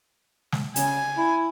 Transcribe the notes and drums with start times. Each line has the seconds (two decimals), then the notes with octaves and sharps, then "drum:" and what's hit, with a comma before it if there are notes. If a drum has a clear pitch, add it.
0.52 drum: snare
0.76 C#3 G#5, drum: hi-hat
1.17 E4